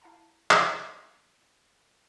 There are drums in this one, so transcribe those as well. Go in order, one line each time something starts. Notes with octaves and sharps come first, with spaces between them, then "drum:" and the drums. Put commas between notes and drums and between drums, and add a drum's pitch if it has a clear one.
E4 F5 F#5 A5 A#5
drum: clap